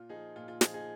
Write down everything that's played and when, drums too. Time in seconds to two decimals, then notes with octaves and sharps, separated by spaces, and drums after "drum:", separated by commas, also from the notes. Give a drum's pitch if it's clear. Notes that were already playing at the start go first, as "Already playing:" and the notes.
Already playing: A#2 F4
0.09 F3 D#4 G#4
0.36 A#2 F4
0.48 F4
0.61 F3 D#4 G#4, drum: snare
0.74 D#4 G#4